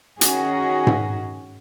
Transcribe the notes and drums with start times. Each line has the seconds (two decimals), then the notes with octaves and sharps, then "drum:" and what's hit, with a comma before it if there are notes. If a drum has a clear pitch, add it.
0.21 D#3 C#4 F#4 G#4, drum: hi-hat
0.87 drum: tom G#2